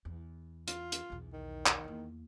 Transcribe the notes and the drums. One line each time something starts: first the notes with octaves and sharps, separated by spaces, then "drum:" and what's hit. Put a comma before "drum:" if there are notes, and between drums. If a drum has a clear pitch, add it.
E2
F4, drum: hi-hat
drum: hi-hat
B1 E2
D#3
drum: clap
E2 A#3